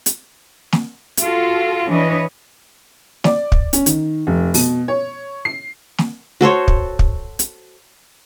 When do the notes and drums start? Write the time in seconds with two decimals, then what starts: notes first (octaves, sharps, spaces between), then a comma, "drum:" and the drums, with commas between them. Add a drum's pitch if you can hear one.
0.06 drum: hi-hat
0.72 drum: snare
1.17 F4 F#4 A4, drum: hi-hat
1.89 E3 D4 B4 C#5 D#5
3.24 D5, drum: snare
3.52 drum: kick
3.73 C#4, drum: hi-hat
3.86 D#3, drum: hi-hat
4.27 F1
4.54 B2, drum: open hi-hat
4.88 C#5
5.45 C7
5.98 drum: snare
6.41 F#4 A4 C5 C#5
6.68 drum: kick
6.99 drum: kick
7.39 drum: hi-hat